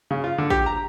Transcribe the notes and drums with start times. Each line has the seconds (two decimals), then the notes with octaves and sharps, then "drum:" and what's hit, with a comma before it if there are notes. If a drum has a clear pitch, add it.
0.11 C#3
0.24 F4
0.38 D3
0.50 G4, drum: kick
0.66 A#5